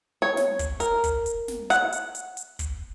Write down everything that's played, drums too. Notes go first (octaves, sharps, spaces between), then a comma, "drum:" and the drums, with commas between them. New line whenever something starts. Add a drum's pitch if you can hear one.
C#5
drum: snare
drum: kick, hi-hat
A#4, drum: hi-hat
drum: kick, hi-hat
drum: hi-hat
drum: snare
F#5, drum: hi-hat
drum: hi-hat
drum: hi-hat
drum: hi-hat
drum: kick, hi-hat